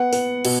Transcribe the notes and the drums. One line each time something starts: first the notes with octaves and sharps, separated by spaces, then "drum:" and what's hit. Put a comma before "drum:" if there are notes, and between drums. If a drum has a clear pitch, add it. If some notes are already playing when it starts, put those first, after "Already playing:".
Already playing: B3 F#5
B3, drum: open hi-hat
B2, drum: cymbal